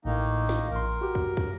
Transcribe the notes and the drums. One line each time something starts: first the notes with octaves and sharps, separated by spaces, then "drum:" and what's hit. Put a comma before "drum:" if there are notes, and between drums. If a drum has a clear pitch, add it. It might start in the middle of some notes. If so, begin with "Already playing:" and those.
A1 A2 D#3 A#3 D#4
drum: snare
A#1 A#4 C6
F#4 G4
drum: kick
drum: kick